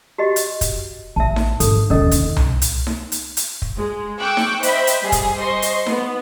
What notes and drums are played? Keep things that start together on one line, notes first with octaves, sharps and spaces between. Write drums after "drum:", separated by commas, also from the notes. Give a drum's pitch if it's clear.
F#4 G4 D#5
drum: hi-hat
drum: kick, hi-hat
A1 E5 A5
drum: snare D#4
G#1 A4, drum: hi-hat
D#2 C3 C#4 A4 D#5
drum: kick, hi-hat
drum: tom C2
drum: hi-hat
drum: snare D#4
drum: hi-hat
drum: hi-hat
drum: kick
G#3
G5 C#6 D6 E6 F#6
drum: snare D#4
C5 D#5 E5 G5 B5, drum: hi-hat
drum: hi-hat
G3 G#4
drum: kick, hi-hat
C5 D#5 C6 C#6
drum: hi-hat
B3, drum: snare D#4